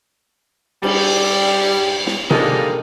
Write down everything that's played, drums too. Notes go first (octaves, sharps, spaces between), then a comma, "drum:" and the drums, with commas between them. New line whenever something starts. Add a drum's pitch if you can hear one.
G3, drum: cymbal
drum: snare
D3 F3 G3 G#3 A#3 D#4, drum: tom C3